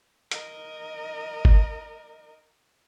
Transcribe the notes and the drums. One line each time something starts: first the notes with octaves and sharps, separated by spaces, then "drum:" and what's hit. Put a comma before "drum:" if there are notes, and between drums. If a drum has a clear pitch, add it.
A#4 D#5, drum: hi-hat
drum: kick G1